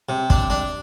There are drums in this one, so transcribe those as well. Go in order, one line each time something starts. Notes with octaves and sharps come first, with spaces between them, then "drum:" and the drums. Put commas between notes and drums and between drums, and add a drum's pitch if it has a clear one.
C3
D4, drum: kick
D4